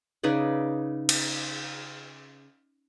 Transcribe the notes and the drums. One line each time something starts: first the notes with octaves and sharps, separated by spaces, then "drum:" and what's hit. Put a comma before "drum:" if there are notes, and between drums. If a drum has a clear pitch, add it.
C#3 D#4 B4 D5
drum: cymbal